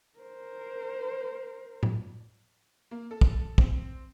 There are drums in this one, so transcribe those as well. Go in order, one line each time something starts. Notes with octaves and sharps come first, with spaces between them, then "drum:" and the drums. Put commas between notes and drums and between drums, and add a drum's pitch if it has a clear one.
A#4 C5
drum: tom A2
A#3
A4
drum: kick
C4, drum: kick